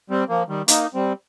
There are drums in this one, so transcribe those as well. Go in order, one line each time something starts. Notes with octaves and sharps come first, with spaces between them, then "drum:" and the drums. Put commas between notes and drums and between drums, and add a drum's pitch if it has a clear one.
G3 C4
F3 A#3
D#3 G3
A#3 D#4, drum: hi-hat
G3 C4